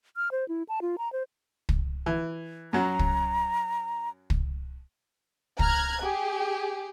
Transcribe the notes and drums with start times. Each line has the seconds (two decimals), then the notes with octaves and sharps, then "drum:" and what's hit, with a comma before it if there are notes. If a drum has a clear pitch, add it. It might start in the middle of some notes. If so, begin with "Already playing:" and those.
0.16 F6
0.31 C5
0.48 E4
0.69 A5
0.82 F4
0.98 A#5
1.13 C5
1.69 drum: kick
2.06 E3
2.73 F#2 F#3 A#5
2.99 drum: kick
4.30 drum: kick
5.59 A#5 F6 F#6 G#6, drum: kick
6.01 G4 G#4